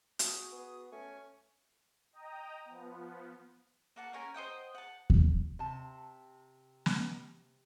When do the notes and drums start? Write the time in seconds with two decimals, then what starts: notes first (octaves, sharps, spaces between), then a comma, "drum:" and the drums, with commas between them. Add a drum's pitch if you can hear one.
0.19 F#4 G#4, drum: hi-hat
0.52 B3 G#4 D#6
0.92 A3 C#4 G#5 C#6
2.13 D#5 G5 A#5 D#6
2.65 F3 B3
3.96 A#3 F#5 A5
4.13 C#4 A#4 G#5
4.34 C5 D#5 F#5 G5
4.75 F#5 A5
5.10 drum: kick D#2
5.59 C3 A5
6.86 drum: snare